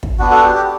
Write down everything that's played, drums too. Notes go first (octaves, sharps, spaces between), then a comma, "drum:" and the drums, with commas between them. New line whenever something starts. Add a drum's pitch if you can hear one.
drum: kick
B3 D4 F#4
F#4 A4
G4
G4